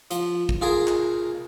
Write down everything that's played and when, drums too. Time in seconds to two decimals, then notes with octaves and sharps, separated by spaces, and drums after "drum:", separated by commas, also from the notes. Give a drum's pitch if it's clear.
0.11 F3, drum: hi-hat
0.49 drum: kick
0.61 F4 G#4 A#4 G#5
0.87 drum: clap